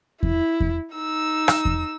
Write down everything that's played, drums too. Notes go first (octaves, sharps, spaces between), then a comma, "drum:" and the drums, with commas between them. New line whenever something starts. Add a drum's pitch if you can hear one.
E4, drum: kick E2
drum: kick E2
D#4 E6
drum: rim click
drum: kick E2